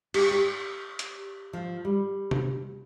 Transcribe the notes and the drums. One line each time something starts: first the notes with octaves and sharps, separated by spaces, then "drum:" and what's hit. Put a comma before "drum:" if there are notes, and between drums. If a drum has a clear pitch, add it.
G4, drum: cymbal
G4
drum: hi-hat
F3
G3
drum: tom C3